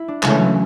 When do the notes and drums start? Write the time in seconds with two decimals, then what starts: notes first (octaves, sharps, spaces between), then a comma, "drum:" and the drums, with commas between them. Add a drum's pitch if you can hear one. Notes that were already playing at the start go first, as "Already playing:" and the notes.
Already playing: E4
0.08 D4
0.23 C#3 E3 G#3 A3 C#4, drum: clap
0.39 F#3